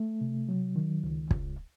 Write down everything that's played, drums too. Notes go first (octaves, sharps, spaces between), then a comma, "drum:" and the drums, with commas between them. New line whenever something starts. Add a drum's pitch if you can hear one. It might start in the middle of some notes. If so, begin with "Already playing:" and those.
Already playing: A3
C3
F#3
D#3
C#2
C#2, drum: kick